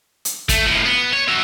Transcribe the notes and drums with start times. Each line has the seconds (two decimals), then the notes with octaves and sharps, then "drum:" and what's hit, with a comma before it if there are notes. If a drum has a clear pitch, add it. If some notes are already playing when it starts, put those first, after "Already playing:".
0.25 drum: hi-hat
0.49 A3, drum: kick, hi-hat
0.65 A2 F3
0.85 B3
1.13 C#5
1.28 F#4 E5